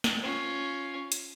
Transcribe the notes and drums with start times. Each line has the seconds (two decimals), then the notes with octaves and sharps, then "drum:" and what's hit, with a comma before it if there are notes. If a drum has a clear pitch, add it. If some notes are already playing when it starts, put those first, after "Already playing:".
0.04 drum: snare
0.22 C#4 F4
1.12 drum: hi-hat